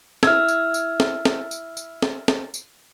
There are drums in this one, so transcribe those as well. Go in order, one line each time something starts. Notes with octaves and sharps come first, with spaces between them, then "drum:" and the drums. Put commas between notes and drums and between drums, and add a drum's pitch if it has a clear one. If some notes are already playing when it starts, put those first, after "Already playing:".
E4 E6 F6 G#6, drum: snare
drum: tambourine
drum: tambourine
drum: snare
drum: snare
drum: tambourine
drum: tambourine
drum: snare
drum: snare
drum: tambourine